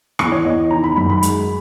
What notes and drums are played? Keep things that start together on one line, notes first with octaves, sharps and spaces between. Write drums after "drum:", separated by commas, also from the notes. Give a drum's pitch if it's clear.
E2, drum: rim click
C#5
E2 D#5
D#3 A#5
B5
F#2 B5
B5
G#3, drum: hi-hat